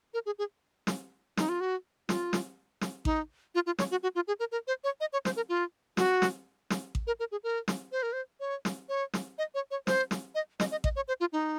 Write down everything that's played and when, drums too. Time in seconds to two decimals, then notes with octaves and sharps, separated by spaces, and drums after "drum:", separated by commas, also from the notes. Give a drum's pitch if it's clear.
0.14 A#4
0.26 G#4
0.39 G#4
0.87 drum: snare
1.37 D#4, drum: snare
1.49 F4
1.60 F#4
2.09 F4, drum: snare
2.33 drum: snare
2.81 drum: snare
3.05 D#4, drum: kick A1
3.55 F4
3.66 F4
3.79 C#5, drum: snare
3.91 F#4
4.03 F#4
4.15 F4
4.28 G#4
4.39 A#4
4.52 A#4
4.67 C5
4.84 C#5
5.01 D#5
5.13 C#5
5.25 C5, drum: snare
5.36 A#4
5.49 F4
5.97 F#4, drum: snare
6.22 drum: snare
6.70 drum: snare
6.95 drum: kick A1
7.07 A#4
7.19 A#4
7.32 G#4
7.44 A#4
7.68 drum: snare
7.92 C5
8.03 A#4
8.13 C5
8.40 C#5
8.65 drum: snare
8.89 C#5
9.14 drum: snare
9.38 D#5
9.55 C#5
9.71 C#5
9.87 C5, drum: snare
10.11 drum: snare
10.35 D#5
10.60 D#5, drum: snare
10.71 D#5
10.84 D#5, drum: kick A1
10.96 C#5
11.08 C5
11.20 F4
11.33 D#4